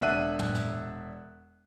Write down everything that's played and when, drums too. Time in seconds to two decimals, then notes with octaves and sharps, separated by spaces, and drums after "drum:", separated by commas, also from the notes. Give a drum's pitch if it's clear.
0.01 E1 D4 E5 F#5 F#6 D#7
0.39 drum: tom
0.54 drum: snare